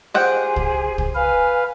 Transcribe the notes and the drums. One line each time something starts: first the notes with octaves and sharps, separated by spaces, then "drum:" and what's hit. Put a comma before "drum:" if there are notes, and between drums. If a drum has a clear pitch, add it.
F3 G4 G#4 C5 F#5 G5
drum: kick
drum: kick
B4 F5 G#5